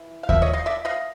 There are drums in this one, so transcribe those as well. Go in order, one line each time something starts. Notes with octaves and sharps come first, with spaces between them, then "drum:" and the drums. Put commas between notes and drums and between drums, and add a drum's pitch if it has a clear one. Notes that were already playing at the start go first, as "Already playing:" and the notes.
Already playing: E3
F5
F3 A#3 E5, drum: kick D#2
C#5 D#5
D#5 F5
D5 E5
D#5 F5